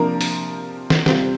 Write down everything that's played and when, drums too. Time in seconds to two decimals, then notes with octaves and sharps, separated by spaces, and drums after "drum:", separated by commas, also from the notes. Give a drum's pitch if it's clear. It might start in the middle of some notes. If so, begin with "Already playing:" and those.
Already playing: C3 F3 A#3 D4 A#4
0.21 drum: open hi-hat
0.90 drum: snare
1.06 C3 G3 C4 F4, drum: snare